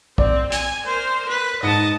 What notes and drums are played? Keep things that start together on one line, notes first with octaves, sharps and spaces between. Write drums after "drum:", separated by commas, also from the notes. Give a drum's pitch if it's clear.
C4 D5, drum: kick
G#5, drum: hi-hat
A#4 C5
B4
G#2 D#5 A5 C#7